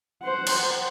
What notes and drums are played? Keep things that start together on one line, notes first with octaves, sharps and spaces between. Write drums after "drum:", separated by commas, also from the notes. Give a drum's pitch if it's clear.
C5 F#5
drum: cymbal